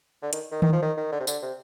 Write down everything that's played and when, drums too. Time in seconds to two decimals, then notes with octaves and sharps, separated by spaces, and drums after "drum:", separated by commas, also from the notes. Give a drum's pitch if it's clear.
0.22 D3
0.33 D#3, drum: hi-hat
0.52 D#3
0.62 D#3, drum: tom D#3
0.72 F3
0.82 D#3
0.97 D#3
1.12 D3
1.20 C3
1.27 D3, drum: tambourine
1.42 C3